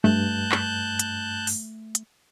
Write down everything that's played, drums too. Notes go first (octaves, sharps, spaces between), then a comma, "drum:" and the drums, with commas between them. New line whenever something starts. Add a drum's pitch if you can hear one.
G2 A3 A5 F#6 G6
drum: clap
drum: hi-hat
drum: open hi-hat
drum: hi-hat